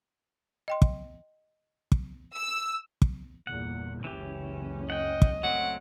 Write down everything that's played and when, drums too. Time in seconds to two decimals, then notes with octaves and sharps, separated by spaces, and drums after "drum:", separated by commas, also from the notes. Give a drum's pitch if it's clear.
0.68 D#5 G5 C6
0.82 drum: kick
1.92 drum: kick
2.33 E6
3.02 drum: kick
3.47 G1 E2 A#2 F#5
4.04 F#1 C#2 E3 C#4 G4
4.90 D#5 F#5 G5
5.22 drum: kick
5.43 F#3 A3 C4 F#5